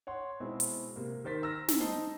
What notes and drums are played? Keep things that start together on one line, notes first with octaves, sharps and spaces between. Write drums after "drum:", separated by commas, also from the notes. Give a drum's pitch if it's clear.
C#5 F#5 C6
B2 G#3 C4 E4
drum: hi-hat
C3 A#3
D#3 A#4 C5 A6 B6
A#5 E6 F6 A#6
drum: snare
D#4 C5 A5 A#5 C7 G7